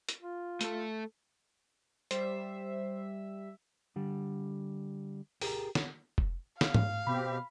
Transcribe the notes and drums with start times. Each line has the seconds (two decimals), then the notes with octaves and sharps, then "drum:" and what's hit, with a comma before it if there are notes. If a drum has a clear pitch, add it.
0.09 drum: hi-hat
0.22 F4
0.61 A3 A4, drum: hi-hat
2.11 G3 C5 E5, drum: hi-hat
3.96 D3 G3
5.41 G4 G#4 A#4 A#5, drum: open hi-hat
5.75 drum: snare
6.18 drum: kick F1
6.61 F5, drum: snare
6.74 drum: tom
7.07 B2 C4 G4 B5